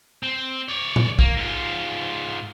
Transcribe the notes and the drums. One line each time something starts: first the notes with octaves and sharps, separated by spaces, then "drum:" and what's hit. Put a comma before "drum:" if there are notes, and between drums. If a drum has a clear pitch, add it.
C4
C#5 D5
drum: tom A#2
A#3, drum: kick
G#2 F4